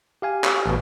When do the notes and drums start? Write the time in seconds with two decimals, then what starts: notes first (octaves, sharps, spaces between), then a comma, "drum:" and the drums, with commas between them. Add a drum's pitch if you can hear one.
0.22 G4 F5 G#5
0.44 drum: clap
0.66 A1 B2